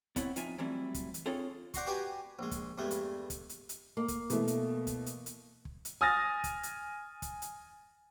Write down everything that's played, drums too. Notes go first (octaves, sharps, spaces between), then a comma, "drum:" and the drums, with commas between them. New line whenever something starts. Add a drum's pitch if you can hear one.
B3 C4 E4 C#5 F#5, drum: kick, hi-hat
F2 D#4 F4 E5 G#5, drum: hi-hat
E3 F#3 G3 A3 C4 E4
drum: kick, hi-hat
drum: hi-hat
C4 D4 F4 G#4 A4 C#5
C5 D5 F#5 A#5 C6 C#6, drum: kick, hi-hat
F#4 G4 B4 D5 G#5
A#1 G#3
drum: kick, hi-hat
E2 G2 G#3 A3
drum: hi-hat
drum: kick, hi-hat
drum: hi-hat
drum: hi-hat
A#3
drum: kick, hi-hat
B2 E3 A3, drum: hi-hat
drum: hi-hat
drum: kick, hi-hat
drum: hi-hat
drum: hi-hat
drum: kick
drum: hi-hat
G#5 D#6 F6 A6 A#6
drum: kick, hi-hat
drum: hi-hat
drum: kick, hi-hat
drum: hi-hat